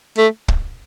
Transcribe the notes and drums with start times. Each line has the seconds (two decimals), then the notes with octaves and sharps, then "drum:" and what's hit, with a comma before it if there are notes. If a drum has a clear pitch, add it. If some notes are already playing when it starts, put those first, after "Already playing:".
0.18 A3
0.48 drum: kick